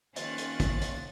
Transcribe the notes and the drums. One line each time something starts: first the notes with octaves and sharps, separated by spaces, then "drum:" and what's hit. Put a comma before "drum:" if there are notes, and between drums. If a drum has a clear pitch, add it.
D#3 A#3 C#4 F4 F#6 A6, drum: hi-hat
drum: hi-hat
drum: kick, hi-hat
drum: hi-hat